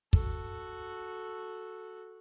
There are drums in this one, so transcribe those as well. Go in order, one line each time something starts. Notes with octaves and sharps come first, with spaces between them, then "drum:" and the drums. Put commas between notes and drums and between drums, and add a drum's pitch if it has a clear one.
F#4 A4, drum: kick